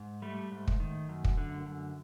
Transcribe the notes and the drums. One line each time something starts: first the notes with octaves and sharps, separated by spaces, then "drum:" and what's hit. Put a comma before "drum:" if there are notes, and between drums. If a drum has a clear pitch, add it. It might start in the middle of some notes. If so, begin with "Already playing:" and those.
Already playing: G#2
G3 A3
G#2
drum: kick
D#3
F#2
drum: kick
D3
F#2